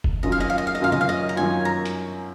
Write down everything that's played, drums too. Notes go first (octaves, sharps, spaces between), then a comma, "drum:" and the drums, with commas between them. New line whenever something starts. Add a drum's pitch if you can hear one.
drum: kick F1
F#2 D#3 F#3 C#4 F4 D#5
F5
D#5
F5
D#5
F5
D#5
F#2 D#3 F#3 C#4 F4 F5
D#5, drum: tom C3
F5
D#5
A#5
F#2 D#3 F#3 C#4 F4 G#5
A#5
drum: hi-hat